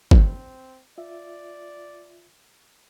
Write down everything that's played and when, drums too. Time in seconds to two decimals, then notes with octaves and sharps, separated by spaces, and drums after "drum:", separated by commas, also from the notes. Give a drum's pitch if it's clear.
0.11 C4, drum: kick G1
0.98 F4 D5 E5